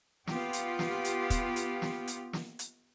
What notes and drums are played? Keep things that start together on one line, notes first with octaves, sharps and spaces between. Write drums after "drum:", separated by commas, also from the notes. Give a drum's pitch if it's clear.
B3 F4 G4, drum: snare
drum: hi-hat
drum: snare
drum: hi-hat
drum: kick, hi-hat
drum: hi-hat
drum: snare
drum: hi-hat
drum: snare
drum: hi-hat